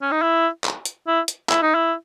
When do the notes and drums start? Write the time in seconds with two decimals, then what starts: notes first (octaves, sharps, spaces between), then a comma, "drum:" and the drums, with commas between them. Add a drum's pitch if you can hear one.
0.02 C#4
0.11 D#4
0.22 E4
0.64 drum: clap
0.85 drum: hi-hat
1.07 E4
1.28 drum: hi-hat
1.49 E4, drum: clap
1.62 D#4
1.75 E4